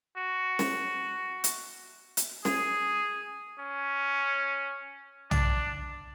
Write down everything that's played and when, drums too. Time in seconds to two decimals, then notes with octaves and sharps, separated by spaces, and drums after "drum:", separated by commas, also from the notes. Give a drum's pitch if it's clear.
0.17 F#4
0.59 drum: snare
1.44 drum: hi-hat
2.17 drum: hi-hat
2.45 G#4, drum: snare
3.59 C#4
5.31 D4, drum: tom